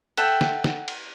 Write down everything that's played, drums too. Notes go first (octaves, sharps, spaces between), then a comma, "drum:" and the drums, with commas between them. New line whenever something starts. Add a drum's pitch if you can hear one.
A4 E5 F#5 G5, drum: cymbal
drum: snare
drum: snare
drum: cymbal